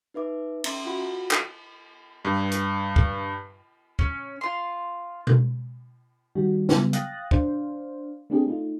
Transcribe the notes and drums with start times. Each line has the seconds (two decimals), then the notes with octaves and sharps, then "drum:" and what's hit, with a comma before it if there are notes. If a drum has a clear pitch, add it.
0.14 D#4 B4 E5 D6
0.64 C#4 E5 A#5 C6 D6, drum: cymbal
0.85 F4 F#4 F#5 B5
1.31 drum: clap
2.25 G2
2.52 drum: hi-hat
2.96 drum: kick
3.99 C#4, drum: kick
4.41 F4 C6
5.27 drum: tom B2
6.35 D#3 G3 F#4
6.69 C#3 F#3 G3 B3, drum: snare
6.93 F5 G5 D#6 F#6 A6 A#6, drum: hi-hat
7.31 D4 C5 D5 F5, drum: kick
8.30 A3 C4 D4 G4 G#4
8.46 A3 D#4 F4